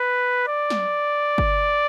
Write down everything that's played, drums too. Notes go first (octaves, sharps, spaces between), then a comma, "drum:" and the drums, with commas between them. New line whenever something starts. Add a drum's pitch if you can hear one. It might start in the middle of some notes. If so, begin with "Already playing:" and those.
Already playing: B4
D5
drum: snare
drum: kick G1